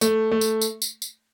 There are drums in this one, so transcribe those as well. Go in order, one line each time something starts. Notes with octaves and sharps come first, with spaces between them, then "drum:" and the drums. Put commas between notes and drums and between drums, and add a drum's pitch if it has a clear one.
A3, drum: tambourine
A3
drum: tambourine
drum: tambourine
drum: tambourine
drum: tambourine